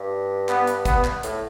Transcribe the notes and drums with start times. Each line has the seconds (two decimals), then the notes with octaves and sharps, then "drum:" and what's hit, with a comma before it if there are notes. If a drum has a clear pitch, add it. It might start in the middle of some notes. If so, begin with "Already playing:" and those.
Already playing: G2
0.49 B3, drum: clap
0.67 drum: hi-hat
0.85 B3, drum: kick, hi-hat
1.04 drum: clap
1.23 A2, drum: hi-hat